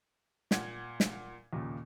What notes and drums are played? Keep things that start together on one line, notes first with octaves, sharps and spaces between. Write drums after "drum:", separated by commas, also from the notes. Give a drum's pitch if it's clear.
A#2 F#5 G#6, drum: snare
drum: snare
D#2 A#2 C#3